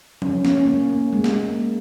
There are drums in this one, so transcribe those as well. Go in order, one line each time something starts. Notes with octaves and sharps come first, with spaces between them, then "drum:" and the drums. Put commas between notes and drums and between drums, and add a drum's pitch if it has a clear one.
C#4, drum: tom F3
C#4, drum: snare
C#4
A#3
A#3
G#3
drum: snare
A#3